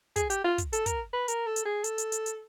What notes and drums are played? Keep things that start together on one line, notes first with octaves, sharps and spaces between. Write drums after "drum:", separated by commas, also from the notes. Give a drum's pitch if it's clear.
G#4, drum: kick, hi-hat
G4, drum: hi-hat
F4
drum: kick, hi-hat
A4, drum: hi-hat
A#4, drum: kick, hi-hat
B4
A#4, drum: hi-hat
A4
drum: hi-hat
G#4
A4, drum: hi-hat
drum: hi-hat
drum: hi-hat
drum: hi-hat